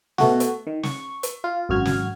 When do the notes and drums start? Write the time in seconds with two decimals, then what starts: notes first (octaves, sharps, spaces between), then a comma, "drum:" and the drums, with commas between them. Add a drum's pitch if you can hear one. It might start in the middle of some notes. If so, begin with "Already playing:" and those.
0.18 B2 A3 F#4, drum: snare
0.40 drum: hi-hat
0.67 D#3
0.83 C#6, drum: snare
1.23 drum: hi-hat
1.44 F4
1.69 G#1 F#2 F#4 F6 G#6
1.85 drum: snare